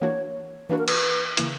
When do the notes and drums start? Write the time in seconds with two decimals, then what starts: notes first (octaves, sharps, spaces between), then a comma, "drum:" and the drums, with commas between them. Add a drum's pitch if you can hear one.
0.01 E3 A#3 D4 F#4 C#5
0.70 E3 A#3 D4 F#4 B4
0.78 A#4
0.88 B4, drum: cymbal
1.37 C#3 E3 A#3 E4, drum: hi-hat